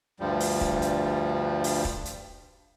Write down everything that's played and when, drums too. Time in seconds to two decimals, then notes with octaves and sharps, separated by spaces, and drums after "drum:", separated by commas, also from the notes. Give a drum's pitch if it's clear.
0.20 D2 G2 F3 G3
0.41 drum: open hi-hat
0.61 drum: kick
0.82 drum: hi-hat
1.64 drum: open hi-hat
1.85 drum: kick
2.05 drum: hi-hat